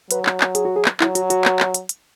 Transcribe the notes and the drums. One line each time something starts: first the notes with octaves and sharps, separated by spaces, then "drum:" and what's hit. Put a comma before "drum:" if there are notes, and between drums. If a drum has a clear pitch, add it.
F#3 B4, drum: hi-hat
drum: clap
drum: clap
G#4, drum: hi-hat
F#4
G#4
drum: clap
F#3 E4, drum: clap
F#4, drum: hi-hat
F#4, drum: hi-hat
drum: clap
drum: clap
drum: hi-hat
drum: hi-hat